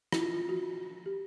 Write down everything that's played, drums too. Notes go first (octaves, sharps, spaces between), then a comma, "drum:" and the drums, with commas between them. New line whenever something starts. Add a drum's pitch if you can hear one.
E4, drum: rim click
F4
F4
F#4
G4